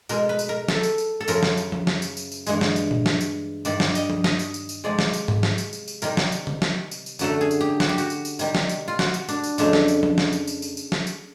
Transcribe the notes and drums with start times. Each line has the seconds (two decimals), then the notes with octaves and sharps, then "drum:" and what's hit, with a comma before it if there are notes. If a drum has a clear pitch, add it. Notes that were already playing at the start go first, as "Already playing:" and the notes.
0.09 B2 G#3 A#4, drum: tambourine
0.29 B4
0.39 drum: tambourine
0.49 A#4
0.68 A4, drum: snare
0.83 drum: tambourine
0.98 drum: tambourine
1.20 A4
1.28 F#2 C#3 F3 A#4, drum: tambourine
1.43 drum: snare
1.57 drum: tambourine
1.72 drum: tom F3
1.87 drum: snare
2.02 drum: tambourine
2.17 drum: tambourine
2.32 drum: tambourine
2.47 G2 E3 G#3, drum: tambourine
2.61 drum: snare
2.76 drum: tambourine
2.91 drum: tom A#2
3.06 drum: snare
3.21 drum: tambourine
3.65 G2 D#3 G3 D5, drum: tambourine
3.80 drum: snare
3.95 D#5, drum: tambourine
4.10 drum: tom F3
4.24 D#5, drum: snare
4.39 drum: tambourine
4.54 drum: tambourine
4.69 drum: tambourine
4.84 C3 F3 G#3 D5
4.99 drum: snare
5.13 drum: tambourine
5.28 drum: tom G#2
5.43 drum: snare
5.58 drum: tambourine
5.73 drum: tambourine
5.88 drum: tambourine
6.02 C3 D#3 G3 A#4, drum: tambourine
6.17 drum: snare
6.32 drum: tambourine
6.47 drum: tom C3
6.62 drum: snare
6.91 drum: tambourine
7.06 drum: tambourine
7.19 F#2 D3 F#3 A3 A4, drum: tambourine
7.41 G#4
7.51 drum: tambourine
7.61 G4
7.80 F#4, drum: snare
7.89 G4
7.98 F#4, drum: tambourine
8.10 drum: tambourine
8.25 drum: tambourine
8.39 C3 D#3 G3, drum: tambourine
8.55 drum: snare
8.69 drum: tambourine
8.88 F4
8.99 F#4, drum: snare
9.14 drum: tambourine
9.29 D4, drum: tambourine
9.44 drum: tambourine
9.58 F2 C#3 F#3 A3 D4, drum: tambourine
9.73 drum: snare
9.88 drum: tambourine
10.03 drum: tom F3
10.18 drum: snare
10.33 drum: tambourine
10.47 drum: tambourine
10.62 drum: tambourine
10.77 drum: tambourine
10.92 drum: snare
11.07 drum: tambourine